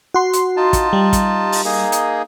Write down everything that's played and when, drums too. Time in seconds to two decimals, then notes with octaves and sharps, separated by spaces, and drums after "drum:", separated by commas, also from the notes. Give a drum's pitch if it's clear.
0.14 F#4 C6
0.33 drum: hi-hat
0.57 D#4 F4 A5
0.73 drum: kick, hi-hat
0.93 G3
1.13 drum: kick, hi-hat
1.52 drum: open hi-hat
1.65 A#3 D#4 G#4
1.92 drum: hi-hat